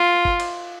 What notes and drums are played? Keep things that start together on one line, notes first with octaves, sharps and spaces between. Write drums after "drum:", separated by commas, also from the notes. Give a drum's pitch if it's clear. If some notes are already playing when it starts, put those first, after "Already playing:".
Already playing: F4
drum: kick G1
drum: cymbal